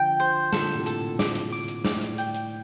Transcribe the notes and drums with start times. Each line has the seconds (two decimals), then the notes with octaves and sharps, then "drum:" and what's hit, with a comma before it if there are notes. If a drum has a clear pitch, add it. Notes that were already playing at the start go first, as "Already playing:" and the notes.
Already playing: D3 F3 G5
0.20 C5
0.52 A#2 D3 A4, drum: snare
0.75 A2 C3
0.86 A4, drum: hi-hat
0.97 A#2
1.19 D6, drum: snare
1.35 drum: hi-hat
1.52 D6, drum: open hi-hat
1.68 drum: hi-hat
1.85 A2 D5, drum: snare
2.01 drum: hi-hat
2.18 G5, drum: hi-hat
2.34 drum: hi-hat